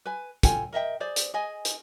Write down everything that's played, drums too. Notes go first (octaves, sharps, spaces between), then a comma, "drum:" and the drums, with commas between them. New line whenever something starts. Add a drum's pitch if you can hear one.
B4 G#5
F4 A4 G5 G#5, drum: kick, hi-hat
A#4 D#5 E5 G5
G#4 C5 D5
drum: hi-hat
G#4 D#5 G#5
drum: hi-hat